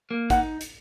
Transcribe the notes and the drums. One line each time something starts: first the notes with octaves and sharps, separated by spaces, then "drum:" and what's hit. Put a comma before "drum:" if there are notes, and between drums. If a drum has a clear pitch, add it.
A#3
D#4 F#5, drum: kick G#1, hi-hat
drum: hi-hat